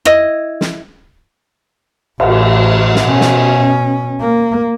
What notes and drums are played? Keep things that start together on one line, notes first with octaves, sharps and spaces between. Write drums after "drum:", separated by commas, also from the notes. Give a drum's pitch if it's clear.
E4 D#5, drum: rim click
drum: snare
A1, drum: cymbal
drum: snare
B2 C#4
drum: snare
A#3